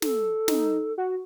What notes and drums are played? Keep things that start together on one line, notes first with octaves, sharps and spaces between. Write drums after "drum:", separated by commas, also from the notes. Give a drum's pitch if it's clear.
A4, drum: snare
D#4, drum: snare
F#4